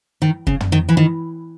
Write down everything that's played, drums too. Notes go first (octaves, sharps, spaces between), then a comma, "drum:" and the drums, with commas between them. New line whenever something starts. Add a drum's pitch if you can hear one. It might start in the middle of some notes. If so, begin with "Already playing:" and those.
D#3
C#3, drum: kick
drum: tom
D#3
E3
D#3